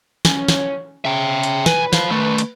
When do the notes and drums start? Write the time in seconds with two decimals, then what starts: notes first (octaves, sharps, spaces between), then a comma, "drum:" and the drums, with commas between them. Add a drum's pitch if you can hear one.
0.25 C#4, drum: snare
0.48 drum: snare
1.05 C#3 E5 G5
1.43 drum: hi-hat
1.66 B1 B4 G#5, drum: snare
1.93 C5 F5, drum: snare
2.10 D#3 A3
2.38 drum: hi-hat